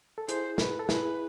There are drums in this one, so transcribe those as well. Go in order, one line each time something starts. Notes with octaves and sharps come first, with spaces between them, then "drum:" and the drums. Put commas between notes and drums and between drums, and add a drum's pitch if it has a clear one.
A4
E4 G#4 C5, drum: hi-hat
B4, drum: snare
A4
E4 G#4 B4, drum: snare